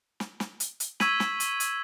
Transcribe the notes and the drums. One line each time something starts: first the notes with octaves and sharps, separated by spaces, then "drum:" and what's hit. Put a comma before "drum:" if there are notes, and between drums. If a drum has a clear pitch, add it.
drum: snare
drum: snare
drum: hi-hat
drum: hi-hat
C#6 E6 G#6 B6 D#7 F#7, drum: snare
drum: snare
drum: hi-hat
drum: hi-hat